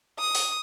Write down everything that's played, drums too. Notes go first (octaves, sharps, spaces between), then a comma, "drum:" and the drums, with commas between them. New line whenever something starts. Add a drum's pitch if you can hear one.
D#6
drum: open hi-hat